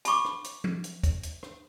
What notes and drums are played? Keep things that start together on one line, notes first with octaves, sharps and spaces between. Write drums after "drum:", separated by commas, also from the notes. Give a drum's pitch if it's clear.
A5 B5 C#6 D6, drum: hi-hat
drum: rim click
drum: hi-hat
drum: tom F3
drum: hi-hat
drum: kick, hi-hat
drum: hi-hat
drum: rim click